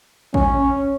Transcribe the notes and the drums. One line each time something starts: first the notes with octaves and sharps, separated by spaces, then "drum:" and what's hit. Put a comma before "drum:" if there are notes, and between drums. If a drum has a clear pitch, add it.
C#4, drum: kick